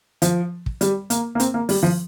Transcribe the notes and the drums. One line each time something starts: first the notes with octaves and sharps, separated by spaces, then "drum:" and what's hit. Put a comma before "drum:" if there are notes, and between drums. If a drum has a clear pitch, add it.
F3, drum: hi-hat
drum: kick
G3, drum: hi-hat
A#3, drum: hi-hat
A#3
C4, drum: hi-hat
A#3
G3, drum: open hi-hat
F3